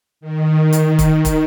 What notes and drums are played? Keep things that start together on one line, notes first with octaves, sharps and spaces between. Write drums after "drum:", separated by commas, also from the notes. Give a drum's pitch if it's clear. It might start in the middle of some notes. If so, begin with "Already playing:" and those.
D#3
D#3
drum: hi-hat
drum: kick, hi-hat
drum: kick, hi-hat